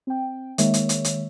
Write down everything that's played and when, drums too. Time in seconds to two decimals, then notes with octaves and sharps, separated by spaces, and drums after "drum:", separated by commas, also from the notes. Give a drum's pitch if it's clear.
0.07 C4 G5
0.58 D#3 G#3 A#3 C#5 E5, drum: hi-hat
0.74 drum: hi-hat
0.89 drum: hi-hat
1.04 drum: hi-hat